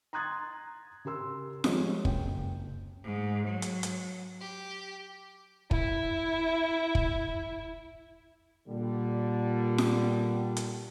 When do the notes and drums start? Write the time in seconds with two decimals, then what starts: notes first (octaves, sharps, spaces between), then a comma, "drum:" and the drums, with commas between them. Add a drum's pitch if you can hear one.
0.13 A#5 C6 D#6 F#6 G#6 A6
1.05 C#3 G4 A#4 C6 E6
1.64 F3 G3 G#3 C4 C#5, drum: snare F4
2.05 F#1 C#3 G5, drum: kick
3.03 G#2
3.48 F#3
3.62 drum: hi-hat
3.83 drum: hi-hat
4.40 G4
5.71 E4 E5, drum: kick
6.95 drum: kick
8.68 A#2 D3 G3
9.78 drum: snare F4
10.57 drum: hi-hat